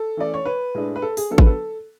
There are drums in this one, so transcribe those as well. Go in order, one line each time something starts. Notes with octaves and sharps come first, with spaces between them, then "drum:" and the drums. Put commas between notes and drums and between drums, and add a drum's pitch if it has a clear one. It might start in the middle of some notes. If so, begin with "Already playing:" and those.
Already playing: A4
E3 A3 C#4 D5
C#5
B4
A2 G#3 D4
B4
A4
G#4, drum: open hi-hat
D3 F#3 B3 D4 A4
B4, drum: kick G#1
A4